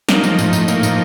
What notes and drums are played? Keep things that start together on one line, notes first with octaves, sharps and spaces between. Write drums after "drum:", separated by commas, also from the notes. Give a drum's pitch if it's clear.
A#3 D#4, drum: snare
F3, drum: tambourine
A2, drum: tambourine
A2, drum: tambourine
A#3 D#4, drum: tambourine
F3, drum: tambourine